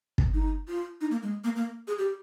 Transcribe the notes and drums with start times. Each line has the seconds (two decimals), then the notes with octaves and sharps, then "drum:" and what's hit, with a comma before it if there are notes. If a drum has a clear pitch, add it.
0.18 drum: kick
0.34 D#4
0.68 F4
1.01 D#4
1.11 A#3
1.23 G#3
1.44 A#3
1.56 A#3
1.87 G#4
1.98 G4